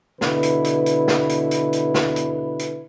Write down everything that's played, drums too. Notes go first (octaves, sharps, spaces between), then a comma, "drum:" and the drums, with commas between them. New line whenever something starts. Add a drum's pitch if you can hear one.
B2 D3 E4 B4, drum: snare
drum: hi-hat
drum: hi-hat
drum: hi-hat
drum: snare
drum: hi-hat
drum: hi-hat
drum: hi-hat
drum: snare
drum: hi-hat
drum: hi-hat